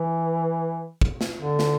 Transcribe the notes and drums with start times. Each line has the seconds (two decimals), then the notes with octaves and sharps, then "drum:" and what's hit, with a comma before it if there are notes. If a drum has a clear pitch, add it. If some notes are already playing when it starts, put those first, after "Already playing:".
Already playing: E3
1.01 drum: kick
1.21 drum: snare
1.40 D3
1.59 drum: snare